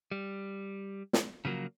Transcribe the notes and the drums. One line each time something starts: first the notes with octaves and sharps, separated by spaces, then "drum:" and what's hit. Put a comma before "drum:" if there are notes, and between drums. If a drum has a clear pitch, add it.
G3
drum: snare
C#3 F3 F#3 A#3